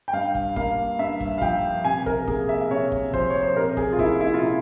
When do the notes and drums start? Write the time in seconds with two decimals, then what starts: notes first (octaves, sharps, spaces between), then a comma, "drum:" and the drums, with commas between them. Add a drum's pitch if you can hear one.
0.08 G5
0.13 G2 F5
0.35 drum: kick
0.56 A#3 F5, drum: kick
0.99 G2 E5
1.20 drum: kick
1.38 F5
1.41 F3 G5, drum: kick
1.85 C3 G#5
2.06 A#4, drum: kick
2.28 A#3 G#4, drum: kick
2.49 E5
2.61 E5
2.71 C3 C#5
2.92 drum: kick
3.14 F3 C5, drum: kick
3.30 C#5
3.43 C5
3.56 C3 A#4
3.77 G#4, drum: kick
3.92 F4
3.99 A#3 E4, drum: kick
4.20 E4
4.34 F4
4.41 C3 E4